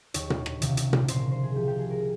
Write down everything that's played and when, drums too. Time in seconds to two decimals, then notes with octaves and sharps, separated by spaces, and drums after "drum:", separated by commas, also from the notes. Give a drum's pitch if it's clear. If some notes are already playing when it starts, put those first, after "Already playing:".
0.14 D#2 D#3 C#5, drum: hi-hat
0.30 drum: tom A#2
0.46 drum: rim click
0.62 C#2 C3 D#3, drum: hi-hat
0.77 drum: hi-hat
0.93 drum: tom A#2
1.08 C2 A#2 F3 C5, drum: hi-hat
1.20 A#4
1.32 C5
1.43 G#4
1.55 C2 C3 F3 G4
1.68 G4
1.79 G#4
1.90 A#4